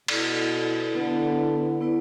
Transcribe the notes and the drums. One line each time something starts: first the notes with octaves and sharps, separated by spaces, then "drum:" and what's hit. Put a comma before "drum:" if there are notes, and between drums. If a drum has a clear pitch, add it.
B2 E4 A4 D5, drum: cymbal
D3 B3 E4 B4 D5
B3 E4 B4 D5